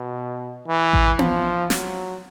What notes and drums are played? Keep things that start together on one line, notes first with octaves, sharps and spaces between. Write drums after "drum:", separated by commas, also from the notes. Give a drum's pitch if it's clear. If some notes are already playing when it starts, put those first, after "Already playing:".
Already playing: B2
E3
drum: kick A1
F3, drum: tom B3
F#3, drum: snare